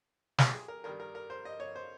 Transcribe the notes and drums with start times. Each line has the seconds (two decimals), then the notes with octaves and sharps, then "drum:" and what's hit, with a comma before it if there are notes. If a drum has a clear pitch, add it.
0.38 G4, drum: snare
0.53 G#4
0.68 A#4
0.84 G2 D#3 G3 A#4
1.00 A#4
1.15 A#4
1.30 C5
1.45 D#5
1.60 C#5
1.76 C5